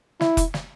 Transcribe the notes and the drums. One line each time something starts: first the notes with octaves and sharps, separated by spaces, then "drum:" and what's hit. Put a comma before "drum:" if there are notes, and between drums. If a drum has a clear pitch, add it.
E4, drum: snare
drum: kick F1, hi-hat
drum: snare